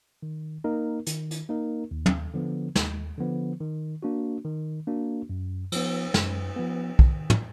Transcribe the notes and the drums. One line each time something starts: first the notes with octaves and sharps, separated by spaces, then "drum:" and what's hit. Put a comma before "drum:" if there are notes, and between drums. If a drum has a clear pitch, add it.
D#3
A#3 D#4 A#4
D#3, drum: hi-hat
drum: hi-hat
A#3 D#4 A#4
D#2
drum: tom
D3 F3 B3
D#2, drum: snare
D3 F3 B3
D#3
A#3 D4 F#4
D#3
A#3 D4 F#4
F#2
F3 B3, drum: cymbal
F#2, drum: snare
F3 B3
D#3, drum: kick
drum: tom